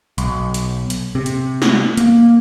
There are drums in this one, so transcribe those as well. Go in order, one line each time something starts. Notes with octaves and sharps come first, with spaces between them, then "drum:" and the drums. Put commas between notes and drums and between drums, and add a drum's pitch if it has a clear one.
B1, drum: hi-hat
drum: hi-hat
drum: hi-hat
C3
drum: hi-hat
drum: snare
A#3, drum: hi-hat